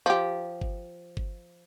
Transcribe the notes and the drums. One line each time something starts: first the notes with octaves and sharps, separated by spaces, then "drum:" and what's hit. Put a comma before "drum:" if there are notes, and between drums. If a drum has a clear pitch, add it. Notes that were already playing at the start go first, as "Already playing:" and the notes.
F3 G4
drum: kick G1
drum: kick G1